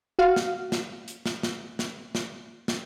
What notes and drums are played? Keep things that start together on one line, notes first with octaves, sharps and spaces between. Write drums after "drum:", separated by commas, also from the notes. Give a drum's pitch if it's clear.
F#4 F5
drum: snare
drum: snare
drum: hi-hat
drum: snare
drum: snare
drum: snare
drum: snare
drum: snare